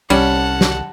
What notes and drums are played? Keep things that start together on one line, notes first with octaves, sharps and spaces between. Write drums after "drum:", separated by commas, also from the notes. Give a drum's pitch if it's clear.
C2 G3 C#4 F#5 A5, drum: cymbal
drum: snare